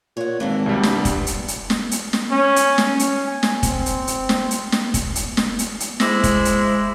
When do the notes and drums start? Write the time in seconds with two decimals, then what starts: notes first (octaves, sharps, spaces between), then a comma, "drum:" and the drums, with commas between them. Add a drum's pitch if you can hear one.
0.17 A#2 C#5 F#5
0.40 G#1 E3 A#3 D4
0.66 C2 G3
0.83 G2, drum: snare
1.05 drum: kick, hi-hat
1.27 drum: hi-hat
1.48 drum: hi-hat
1.70 drum: snare
1.91 drum: hi-hat
2.13 drum: snare
2.31 C#4
2.56 drum: hi-hat
2.78 drum: snare
2.99 drum: hi-hat
3.26 G#5
3.43 drum: snare
3.63 C4, drum: kick, hi-hat
3.86 drum: hi-hat
4.07 drum: hi-hat
4.29 drum: snare
4.51 drum: hi-hat
4.72 drum: snare
4.94 drum: kick, hi-hat
5.16 drum: hi-hat
5.37 drum: snare
5.59 drum: hi-hat
5.80 drum: hi-hat
6.00 G#3 E4 C5 D6 E6 A#6, drum: snare
6.24 drum: kick, hi-hat
6.45 drum: hi-hat